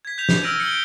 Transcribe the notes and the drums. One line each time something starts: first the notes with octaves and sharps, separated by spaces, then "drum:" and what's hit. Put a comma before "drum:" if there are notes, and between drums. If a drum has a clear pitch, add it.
G#6 B6
G6 B6 F7
drum: snare
E6 F6 A#6 D7 D#7
C#7 G7
D7